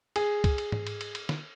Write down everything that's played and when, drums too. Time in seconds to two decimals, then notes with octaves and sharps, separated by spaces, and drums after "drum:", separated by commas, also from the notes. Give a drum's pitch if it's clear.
0.16 G#4, drum: cymbal
0.44 drum: kick, cymbal
0.58 drum: cymbal
0.72 drum: tom G#2
0.87 drum: cymbal
1.01 drum: cymbal
1.15 drum: cymbal
1.29 drum: snare